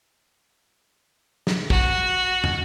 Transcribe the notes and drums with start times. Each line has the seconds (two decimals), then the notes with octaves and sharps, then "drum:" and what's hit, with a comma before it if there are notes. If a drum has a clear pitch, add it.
1.47 drum: snare
1.70 F#4, drum: kick
2.44 drum: tom